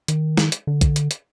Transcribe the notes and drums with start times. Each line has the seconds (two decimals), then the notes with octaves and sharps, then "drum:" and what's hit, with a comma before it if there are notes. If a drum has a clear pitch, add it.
0.08 D#3, drum: hi-hat
0.37 drum: snare
0.52 drum: hi-hat
0.67 D3
0.81 drum: kick, hi-hat
0.96 drum: hi-hat
1.11 drum: hi-hat